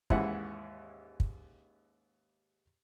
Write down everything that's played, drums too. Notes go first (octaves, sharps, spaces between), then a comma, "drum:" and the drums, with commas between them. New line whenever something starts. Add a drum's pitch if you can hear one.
D#2 G#2 E3 C#4 E5 F#5, drum: kick
drum: kick